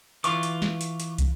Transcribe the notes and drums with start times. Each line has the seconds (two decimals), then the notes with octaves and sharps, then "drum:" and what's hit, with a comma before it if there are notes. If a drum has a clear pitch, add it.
0.24 E3 F4 C#6 D6, drum: hi-hat
0.43 drum: hi-hat
0.62 drum: snare
0.81 drum: hi-hat
1.00 drum: hi-hat
1.18 drum: kick, hi-hat